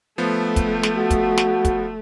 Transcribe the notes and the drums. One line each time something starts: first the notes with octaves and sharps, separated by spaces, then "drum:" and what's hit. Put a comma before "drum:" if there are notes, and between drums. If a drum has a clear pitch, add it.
F3 A3 B3
drum: kick, hi-hat
drum: snare
F#4
drum: kick, hi-hat
drum: snare
drum: kick, hi-hat